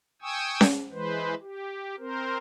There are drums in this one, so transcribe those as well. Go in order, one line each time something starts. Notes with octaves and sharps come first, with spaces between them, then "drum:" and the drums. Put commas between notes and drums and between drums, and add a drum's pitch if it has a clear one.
G5 G#5 C#6 D#6 E6
drum: snare C#4
E3 G#3 B4 C5
G4
C4 A#4 C5